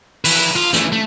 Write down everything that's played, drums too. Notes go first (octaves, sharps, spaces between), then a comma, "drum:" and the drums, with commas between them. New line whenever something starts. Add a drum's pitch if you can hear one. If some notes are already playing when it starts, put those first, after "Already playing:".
E4 B4, drum: open hi-hat
F4
E3 A3, drum: hi-hat
A3